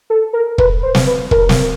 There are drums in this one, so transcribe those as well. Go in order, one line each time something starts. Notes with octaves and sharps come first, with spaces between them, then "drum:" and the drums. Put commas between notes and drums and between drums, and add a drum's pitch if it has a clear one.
A4
A#4
B4, drum: kick
C5
drum: snare
B4
A#4, drum: kick
drum: snare